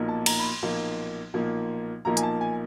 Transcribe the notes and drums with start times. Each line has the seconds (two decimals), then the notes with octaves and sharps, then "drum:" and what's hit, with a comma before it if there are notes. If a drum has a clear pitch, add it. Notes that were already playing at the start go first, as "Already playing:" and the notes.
Already playing: B1 A#2 F3 A#3 D#4
0.09 A5
0.26 A#5, drum: cymbal
0.40 B5
0.44 C6
0.62 B1 A#2 F3 A#3 D#4
1.34 B1 A#2 F3 A#3 D#4
2.05 B1 A#2 F3 A#3 D#4 A#5
2.17 G#5, drum: hi-hat
2.23 A5
2.41 G#5